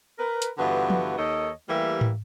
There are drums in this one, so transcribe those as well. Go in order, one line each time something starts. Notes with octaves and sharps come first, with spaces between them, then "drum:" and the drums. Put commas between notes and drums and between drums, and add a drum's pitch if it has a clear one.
A#4 B4
drum: hi-hat
G2 D3 E3 B3 F4 F#4
drum: tom F3
D#2 D#3 A4 C#5 D#5
E3 G3 A3 A#3 G4 E5
drum: tom